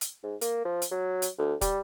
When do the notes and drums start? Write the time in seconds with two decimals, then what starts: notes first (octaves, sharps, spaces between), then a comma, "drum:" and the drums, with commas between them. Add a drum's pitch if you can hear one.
0.01 drum: hi-hat
0.23 G#2
0.41 A#3, drum: hi-hat
0.65 F3
0.82 drum: hi-hat
0.91 F#3
1.22 drum: hi-hat
1.39 D2
1.61 G3, drum: kick, hi-hat